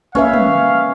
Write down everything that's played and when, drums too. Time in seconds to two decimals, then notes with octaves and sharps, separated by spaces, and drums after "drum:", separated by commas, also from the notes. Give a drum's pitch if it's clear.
0.15 A#3 C#4 B4 E5 F5
0.33 drum: tom